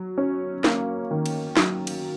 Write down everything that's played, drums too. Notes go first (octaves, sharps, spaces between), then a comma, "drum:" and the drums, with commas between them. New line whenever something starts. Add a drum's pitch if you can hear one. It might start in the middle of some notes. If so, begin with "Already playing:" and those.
Already playing: F#3
C#4
A#3, drum: snare
D#3
drum: cymbal
F#3, drum: snare
drum: cymbal